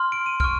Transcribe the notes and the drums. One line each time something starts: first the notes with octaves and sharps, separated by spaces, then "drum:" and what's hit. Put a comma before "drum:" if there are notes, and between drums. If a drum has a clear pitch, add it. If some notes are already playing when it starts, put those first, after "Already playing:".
Already playing: C6 F6
D7
D#7
C#6 F6 D7, drum: kick